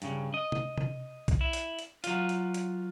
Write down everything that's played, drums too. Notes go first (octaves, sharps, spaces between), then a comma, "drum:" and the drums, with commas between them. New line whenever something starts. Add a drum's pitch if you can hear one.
G2 C#3, drum: hi-hat
D#5
drum: tom
drum: tom C3
drum: kick B1, hi-hat
E4
drum: hi-hat
drum: hi-hat
F#3 F4, drum: hi-hat
drum: hi-hat
drum: hi-hat